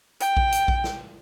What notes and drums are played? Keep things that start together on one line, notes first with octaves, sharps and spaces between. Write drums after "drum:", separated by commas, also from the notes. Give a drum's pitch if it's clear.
G5, drum: hi-hat
drum: kick A#1
drum: hi-hat
drum: kick A#1
drum: snare